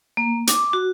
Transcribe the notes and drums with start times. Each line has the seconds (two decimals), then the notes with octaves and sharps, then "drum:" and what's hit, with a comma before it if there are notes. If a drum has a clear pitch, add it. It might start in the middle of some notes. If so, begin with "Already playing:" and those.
0.17 A#3
0.47 D6, drum: hi-hat
0.73 F#4